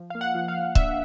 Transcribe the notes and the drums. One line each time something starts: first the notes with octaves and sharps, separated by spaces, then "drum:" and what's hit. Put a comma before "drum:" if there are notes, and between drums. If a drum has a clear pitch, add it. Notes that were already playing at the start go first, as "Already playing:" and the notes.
Already playing: F3
A#3 F5
F#5
F3
F5
F3
D4 E5, drum: kick C#1